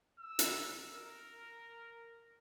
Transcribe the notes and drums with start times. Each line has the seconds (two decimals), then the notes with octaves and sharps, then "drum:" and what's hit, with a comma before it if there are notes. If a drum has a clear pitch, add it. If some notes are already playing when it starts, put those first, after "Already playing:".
0.19 E6
0.39 drum: hi-hat
0.94 A#4